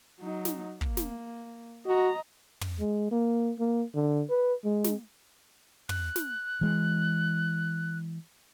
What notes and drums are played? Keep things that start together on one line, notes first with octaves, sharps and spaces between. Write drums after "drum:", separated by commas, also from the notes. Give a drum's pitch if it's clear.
F#3 D#4
drum: snare
A#3, drum: kick
drum: snare
F#4 D#5 A#5
drum: tom
G#3
A#3
A#3
D3
B4
G#3
drum: snare
F#6, drum: tom
drum: snare
E3 G#3